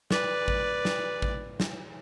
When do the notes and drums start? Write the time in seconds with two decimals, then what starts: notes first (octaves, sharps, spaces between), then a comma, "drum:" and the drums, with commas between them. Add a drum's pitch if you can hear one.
0.11 B4 D5, drum: snare
0.48 drum: kick A1
0.85 drum: snare
1.22 drum: kick A1
1.60 drum: snare